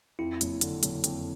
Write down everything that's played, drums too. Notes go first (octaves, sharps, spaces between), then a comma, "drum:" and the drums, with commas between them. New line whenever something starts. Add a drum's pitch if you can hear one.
F2 E4
F#1, drum: hi-hat
D3, drum: hi-hat
F#1, drum: hi-hat
F2, drum: hi-hat